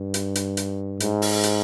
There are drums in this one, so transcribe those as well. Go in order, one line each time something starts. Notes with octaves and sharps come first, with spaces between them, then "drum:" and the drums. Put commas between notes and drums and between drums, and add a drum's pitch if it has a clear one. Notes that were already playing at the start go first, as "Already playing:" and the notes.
Already playing: G2
drum: hi-hat
drum: hi-hat
drum: hi-hat
G#2, drum: hi-hat
drum: open hi-hat
drum: hi-hat